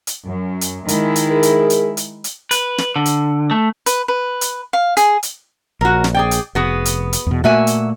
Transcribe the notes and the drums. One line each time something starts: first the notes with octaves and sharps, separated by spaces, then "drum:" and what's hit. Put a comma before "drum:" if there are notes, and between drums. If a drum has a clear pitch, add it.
drum: hi-hat
F#2
drum: hi-hat
D#3 G#3 E4, drum: hi-hat
drum: hi-hat
G#4 A#4
drum: hi-hat
drum: hi-hat
drum: hi-hat
drum: hi-hat
B4, drum: hi-hat
drum: snare
D3
drum: hi-hat
A3
B4, drum: hi-hat
B4
drum: hi-hat
F5
G#4, drum: hi-hat
drum: hi-hat
A#1 F#4 A#4
drum: snare
G#4 D5 G5
drum: hi-hat
F1 B3 F#4 G#4
drum: hi-hat
drum: hi-hat
E2 B2
A#2 A3 A#3 F#4 E5 G#5
drum: hi-hat